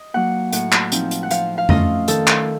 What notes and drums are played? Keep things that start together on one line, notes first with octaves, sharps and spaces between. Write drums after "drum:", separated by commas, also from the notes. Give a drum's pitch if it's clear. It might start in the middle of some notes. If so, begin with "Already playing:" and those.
Already playing: D#5
F#3 A#3 D#4 F#5
A2 F#5, drum: hi-hat
drum: clap
F3 C4 D#4, drum: hi-hat
drum: hi-hat
F#5
F3 F5, drum: hi-hat
F5
A3 C#4 F4 D#5, drum: tom F2
D#3 A4, drum: hi-hat
drum: clap